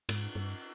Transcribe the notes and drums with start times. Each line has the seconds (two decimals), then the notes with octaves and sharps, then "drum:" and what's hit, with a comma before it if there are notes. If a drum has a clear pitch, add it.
0.09 G#2, drum: cymbal
0.36 G2